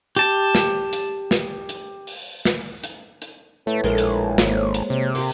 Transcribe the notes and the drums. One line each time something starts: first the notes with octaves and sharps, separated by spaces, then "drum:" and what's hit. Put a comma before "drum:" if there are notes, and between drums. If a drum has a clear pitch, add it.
G4 A5, drum: hi-hat
drum: snare
drum: hi-hat
drum: snare
drum: hi-hat
drum: open hi-hat
drum: snare
drum: hi-hat
drum: hi-hat
A2 A3 B4
A#1 G#3 A4 A#4
drum: hi-hat
G#1 A#3 C5 C#5, drum: snare
drum: hi-hat
C3
A#3 G4, drum: open hi-hat